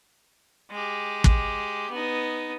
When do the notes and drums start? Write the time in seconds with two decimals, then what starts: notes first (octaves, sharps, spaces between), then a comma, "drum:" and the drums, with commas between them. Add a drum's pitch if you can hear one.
0.71 G#3 G4
1.24 drum: kick
1.90 B3 D#4